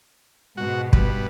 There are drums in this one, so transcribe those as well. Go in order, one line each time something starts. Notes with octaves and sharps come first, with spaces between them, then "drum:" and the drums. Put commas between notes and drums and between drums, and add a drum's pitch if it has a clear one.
G#2 B2 F#4
G2 B3, drum: kick